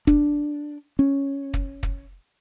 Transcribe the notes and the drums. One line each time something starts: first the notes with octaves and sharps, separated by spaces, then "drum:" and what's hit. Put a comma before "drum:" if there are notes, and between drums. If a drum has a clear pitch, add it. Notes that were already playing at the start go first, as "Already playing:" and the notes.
D4, drum: kick
C#4
drum: kick
drum: kick